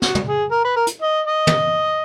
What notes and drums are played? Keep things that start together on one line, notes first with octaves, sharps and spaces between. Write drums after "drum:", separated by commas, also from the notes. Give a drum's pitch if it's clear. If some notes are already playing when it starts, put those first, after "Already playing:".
F#4, drum: snare
drum: tom
G#4
A#4
B4
A#4
drum: hi-hat
D#5
D#5
drum: tom